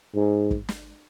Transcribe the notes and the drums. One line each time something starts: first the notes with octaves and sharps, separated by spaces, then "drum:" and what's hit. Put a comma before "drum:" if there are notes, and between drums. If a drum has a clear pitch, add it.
G#2
drum: kick
drum: snare